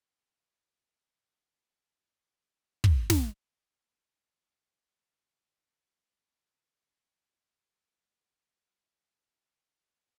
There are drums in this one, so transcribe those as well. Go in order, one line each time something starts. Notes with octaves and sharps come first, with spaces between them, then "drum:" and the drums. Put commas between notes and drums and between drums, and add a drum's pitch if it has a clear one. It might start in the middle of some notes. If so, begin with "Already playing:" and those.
E2 C#3 E3
drum: kick
drum: snare
A2 G3 A#3 C#4 E4
E2 D3 F3 A3 C#4